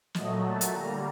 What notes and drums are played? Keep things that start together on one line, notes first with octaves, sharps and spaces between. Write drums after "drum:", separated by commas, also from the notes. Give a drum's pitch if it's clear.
A#2 F#3 A3 D#5, drum: snare
A5
drum: hi-hat
D3 G3 A#3 A#5